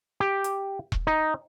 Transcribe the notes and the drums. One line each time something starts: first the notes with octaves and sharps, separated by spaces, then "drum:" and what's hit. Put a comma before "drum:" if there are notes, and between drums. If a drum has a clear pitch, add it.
G4
drum: hi-hat
drum: kick E1
D#4